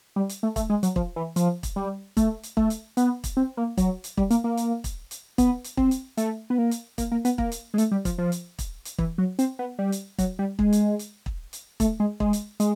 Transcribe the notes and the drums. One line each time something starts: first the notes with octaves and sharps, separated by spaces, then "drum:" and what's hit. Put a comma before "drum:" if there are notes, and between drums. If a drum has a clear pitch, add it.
G3
drum: hi-hat
A3
A3, drum: kick, hi-hat
G#3
F#3, drum: hi-hat
F3, drum: kick
E3
F3, drum: hi-hat
drum: kick, hi-hat
G3
A3, drum: kick, hi-hat
drum: hi-hat
A3, drum: kick
drum: hi-hat
B3, drum: hi-hat
drum: kick, hi-hat
C4
A#3
F#3, drum: kick, hi-hat
drum: hi-hat
G3, drum: kick
A#3, drum: hi-hat
A#3
drum: hi-hat
drum: kick, hi-hat
drum: hi-hat
B3, drum: kick, hi-hat
drum: hi-hat
C4, drum: kick
drum: hi-hat
A3, drum: hi-hat
B3
A#3
drum: hi-hat
A#3, drum: kick, hi-hat
A#3
B3, drum: hi-hat
A#3, drum: kick
drum: hi-hat
G#3
A3, drum: hi-hat
G3
F3, drum: kick, hi-hat
F3
drum: hi-hat
drum: kick, hi-hat
drum: hi-hat
E3, drum: kick
F#3
C4, drum: hi-hat
B3
G3
drum: hi-hat
F#3, drum: kick, hi-hat
G3
G#3, drum: kick
drum: hi-hat
drum: hi-hat
drum: kick
drum: hi-hat
A3, drum: kick, hi-hat
G#3
G#3, drum: kick
drum: hi-hat
G#3, drum: hi-hat